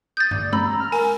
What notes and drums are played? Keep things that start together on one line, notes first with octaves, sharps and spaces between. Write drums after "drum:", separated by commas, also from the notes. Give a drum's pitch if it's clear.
D#6 G6 A6
D5, drum: tom
A#5 B5 E6, drum: tom G#3
F6
A#4 G#5, drum: open hi-hat